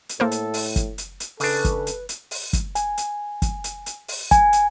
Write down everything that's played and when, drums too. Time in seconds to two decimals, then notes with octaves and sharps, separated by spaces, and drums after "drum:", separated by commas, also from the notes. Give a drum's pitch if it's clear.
0.09 drum: hi-hat
0.20 A2 A#3 A4 A#4 C5
0.31 drum: hi-hat
0.54 drum: open hi-hat
0.76 drum: kick, hi-hat
0.98 drum: hi-hat
1.20 drum: hi-hat
1.40 C#3 D4 A4 B4, drum: open hi-hat
1.65 drum: kick, hi-hat
1.87 drum: hi-hat
2.09 drum: hi-hat
2.31 drum: open hi-hat
2.53 drum: kick, hi-hat
2.75 G#5, drum: hi-hat
2.98 drum: hi-hat
3.42 drum: kick, hi-hat
3.64 drum: hi-hat
3.86 drum: hi-hat
4.08 drum: open hi-hat
4.31 G#5, drum: kick, hi-hat
4.53 drum: hi-hat